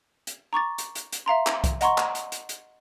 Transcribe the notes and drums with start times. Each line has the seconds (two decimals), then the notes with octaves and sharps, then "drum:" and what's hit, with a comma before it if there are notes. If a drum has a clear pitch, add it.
0.27 drum: hi-hat
0.53 A#5 C#6 D6 A6
0.78 drum: hi-hat
0.95 drum: hi-hat
1.12 drum: hi-hat
1.26 E5 F5 A#5 C6
1.47 drum: clap
1.64 drum: kick C2, hi-hat
1.81 D#5 F#5 A#5 C6 C#6, drum: hi-hat
1.98 drum: clap
2.15 drum: hi-hat
2.32 drum: hi-hat
2.49 drum: hi-hat